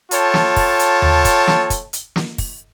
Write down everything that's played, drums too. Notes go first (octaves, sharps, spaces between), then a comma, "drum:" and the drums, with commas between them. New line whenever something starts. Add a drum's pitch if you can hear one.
F4 A4 C#5 G5 A5, drum: hi-hat
drum: snare
drum: kick, open hi-hat
drum: hi-hat
drum: tom D#2
drum: kick, hi-hat
drum: snare
drum: kick, hi-hat
drum: hi-hat
drum: snare
drum: kick, open hi-hat